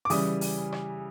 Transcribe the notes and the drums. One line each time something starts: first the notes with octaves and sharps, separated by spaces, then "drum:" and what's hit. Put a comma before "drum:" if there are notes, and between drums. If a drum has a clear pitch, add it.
D6
C#3 E3 G3 D#6, drum: open hi-hat
drum: open hi-hat
drum: rim click